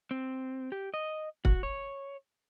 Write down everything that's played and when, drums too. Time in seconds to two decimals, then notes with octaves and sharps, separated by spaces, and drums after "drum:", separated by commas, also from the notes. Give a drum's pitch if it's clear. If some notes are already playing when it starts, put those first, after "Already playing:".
0.11 C4
0.72 G4
0.94 D#5
1.45 F#4, drum: kick
1.63 C#5